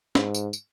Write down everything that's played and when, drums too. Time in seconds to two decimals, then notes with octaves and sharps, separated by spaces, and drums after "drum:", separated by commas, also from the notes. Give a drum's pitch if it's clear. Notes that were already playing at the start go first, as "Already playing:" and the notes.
0.15 G#2, drum: snare
0.35 drum: tambourine
0.53 drum: tambourine